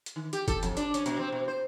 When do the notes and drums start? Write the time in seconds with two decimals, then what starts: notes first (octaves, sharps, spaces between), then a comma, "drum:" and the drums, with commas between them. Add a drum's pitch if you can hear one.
0.06 drum: hi-hat
0.16 D#3
0.33 G4, drum: hi-hat
0.48 A4, drum: kick, hi-hat
0.63 F2, drum: hi-hat
0.77 D4, drum: hi-hat
0.94 C#4, drum: hi-hat
1.06 B2, drum: hi-hat
1.19 C4
1.32 B2
1.48 C5